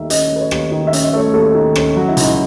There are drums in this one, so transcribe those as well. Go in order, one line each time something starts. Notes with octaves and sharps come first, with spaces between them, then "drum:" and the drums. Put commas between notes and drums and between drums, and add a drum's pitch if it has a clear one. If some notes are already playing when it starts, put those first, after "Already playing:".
Already playing: D#2 D#3 A3 E5
C#4 D#5, drum: hi-hat
A3 B4
C#5
D#2, drum: rim click
D#3 D#5
E5
C#4, drum: hi-hat
E5
A3 C#5
D#2 A4
D#3
C#4, drum: rim click
F#3 F#4
E4
C#2 D#4, drum: hi-hat